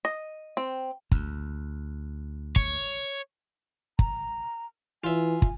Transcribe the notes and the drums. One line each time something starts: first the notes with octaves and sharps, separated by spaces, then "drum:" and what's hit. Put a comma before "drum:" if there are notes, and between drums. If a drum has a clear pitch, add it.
D#5
C4
D2, drum: kick
C#5, drum: kick
A#5, drum: kick
E3 F4 E5 G#5
drum: kick